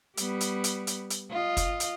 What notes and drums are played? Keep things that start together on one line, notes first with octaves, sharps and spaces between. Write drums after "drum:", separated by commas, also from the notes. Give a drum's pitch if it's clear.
G3 B3, drum: hi-hat
drum: hi-hat
drum: hi-hat
drum: hi-hat
drum: hi-hat
F4 D#5
drum: kick, hi-hat
drum: hi-hat